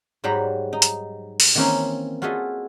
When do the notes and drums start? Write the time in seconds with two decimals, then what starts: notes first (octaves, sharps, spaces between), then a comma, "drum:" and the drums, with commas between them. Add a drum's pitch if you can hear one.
0.24 G#2 F#3 G3 C5 A#5 B5
0.73 D#4
0.82 drum: hi-hat
1.40 drum: open hi-hat
1.55 D#3 E3 A#3 C4 C#4 D#4
2.22 F4 F#4 G#4 A4 D#5 E5